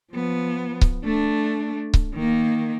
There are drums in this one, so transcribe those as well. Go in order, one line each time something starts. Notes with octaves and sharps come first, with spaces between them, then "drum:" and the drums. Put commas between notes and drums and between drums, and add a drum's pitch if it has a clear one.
F3 B3
drum: kick C#1
A3 D4
drum: kick C#1
D#3 A#3